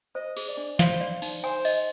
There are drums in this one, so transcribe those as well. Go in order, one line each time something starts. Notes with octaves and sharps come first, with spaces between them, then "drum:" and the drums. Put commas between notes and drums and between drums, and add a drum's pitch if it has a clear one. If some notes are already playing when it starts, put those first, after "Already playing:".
C5 D#5
G#4, drum: cymbal
D5
D4
C5 F5, drum: snare
D5
D#4, drum: cymbal
C5 G#5
D#5, drum: cymbal